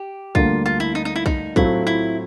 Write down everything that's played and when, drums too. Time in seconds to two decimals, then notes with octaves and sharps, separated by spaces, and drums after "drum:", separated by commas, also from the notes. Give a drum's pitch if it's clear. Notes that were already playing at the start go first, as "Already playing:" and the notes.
Already playing: G4
0.35 D2 D3 G3 A#3 F4, drum: kick
0.66 F4
0.80 E4
0.95 D#4
1.05 D#4
1.16 E4
1.26 D#4, drum: kick
1.56 A2 F#3 A3 C4 E4 F4, drum: kick
1.87 E4